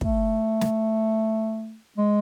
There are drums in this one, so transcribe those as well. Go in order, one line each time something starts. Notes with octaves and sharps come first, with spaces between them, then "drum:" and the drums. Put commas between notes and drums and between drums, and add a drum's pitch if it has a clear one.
A3, drum: kick
drum: snare
G#3